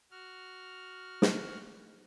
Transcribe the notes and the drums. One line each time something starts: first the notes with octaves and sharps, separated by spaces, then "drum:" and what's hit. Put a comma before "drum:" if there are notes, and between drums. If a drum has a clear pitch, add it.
F#4 F6
drum: snare